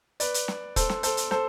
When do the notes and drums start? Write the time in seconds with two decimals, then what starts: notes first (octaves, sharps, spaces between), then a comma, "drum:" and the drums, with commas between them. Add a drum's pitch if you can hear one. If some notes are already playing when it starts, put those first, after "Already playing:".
0.20 B4 D5, drum: hi-hat
0.34 drum: hi-hat
0.48 drum: snare
0.76 A4 C5, drum: kick, hi-hat
0.89 drum: snare
1.03 A4 C5, drum: hi-hat
1.17 drum: hi-hat
1.31 A4 C5, drum: snare